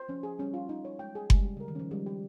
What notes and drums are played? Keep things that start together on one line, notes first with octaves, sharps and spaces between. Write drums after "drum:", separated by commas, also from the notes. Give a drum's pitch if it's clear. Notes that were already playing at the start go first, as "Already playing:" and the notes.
Already playing: C5
F3 C#4
G#4
G3 C#4
F4
D#4
C#5
G#3 G5
G#4
G3 G#3, drum: kick F#1
G4
C#3 A#4
D#3
F3 C#4
G3 G#3
G4